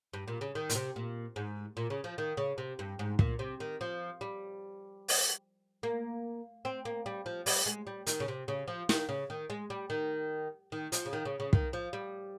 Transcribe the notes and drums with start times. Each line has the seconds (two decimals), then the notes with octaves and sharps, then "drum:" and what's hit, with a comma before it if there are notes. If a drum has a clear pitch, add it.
0.13 G2
0.28 A#2
0.41 C#3
0.55 D#3
0.70 A#2, drum: hi-hat
0.75 C3
0.96 A#2
1.36 G#2
1.77 A#2
1.90 C#3
2.04 F3
2.18 D#3
2.37 C#3
2.58 C3
2.79 G2
2.99 G#2
3.19 A#2, drum: kick
3.39 C3
3.60 D#3
3.81 F3
4.21 G3
5.08 drum: open hi-hat
5.83 A#3
6.65 C4
6.85 A#3
7.06 G3
7.26 F3
7.46 G3, drum: open hi-hat
7.66 G#3
7.87 G3
8.07 D#3, drum: hi-hat
8.20 C#3
8.28 C3
8.48 C#3
8.68 F3
8.89 D#3, drum: snare
9.09 C#3
9.30 D#3
9.50 G#3
9.70 G3
9.90 D#3
10.72 D#3
10.92 F3, drum: hi-hat
11.06 C#3
11.13 D#3
11.25 C#3
11.40 C#3
11.53 D#3, drum: kick
11.73 F3
11.93 G3